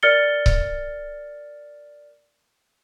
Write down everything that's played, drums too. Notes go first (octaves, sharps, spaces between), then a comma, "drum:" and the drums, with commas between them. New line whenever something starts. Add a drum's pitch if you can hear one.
A#4 D5 F6 A6 C#7 G7
drum: kick C#1